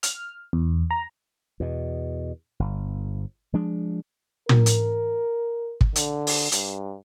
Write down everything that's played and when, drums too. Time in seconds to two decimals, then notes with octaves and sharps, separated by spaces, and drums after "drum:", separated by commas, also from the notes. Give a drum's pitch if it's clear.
0.03 F6, drum: hi-hat
0.53 E2
0.91 A#5
1.60 E2 B2
2.60 G1
3.53 F3 G#3 D4
4.49 A#4, drum: tom
4.66 drum: hi-hat
5.81 drum: kick
5.96 D3, drum: hi-hat
6.27 drum: open hi-hat
6.52 G2, drum: hi-hat